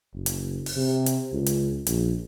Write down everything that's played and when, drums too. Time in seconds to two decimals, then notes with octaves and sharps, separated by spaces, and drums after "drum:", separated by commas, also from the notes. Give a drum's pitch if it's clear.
0.13 F#1
0.26 drum: hi-hat
0.66 drum: open hi-hat
0.77 C3
1.06 drum: hi-hat
1.33 C#2
1.46 drum: hi-hat
1.87 A#1, drum: hi-hat